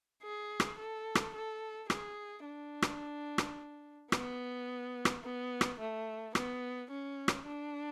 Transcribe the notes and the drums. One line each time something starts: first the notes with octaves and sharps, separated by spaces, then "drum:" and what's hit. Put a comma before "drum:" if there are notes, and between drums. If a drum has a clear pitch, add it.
G#4
drum: rim click
A4
drum: rim click
A4
G#4, drum: rim click
D4
drum: rim click
drum: rim click
B3, drum: rim click
drum: rim click
B3
drum: rim click
A3
B3, drum: rim click
C#4
drum: rim click
D4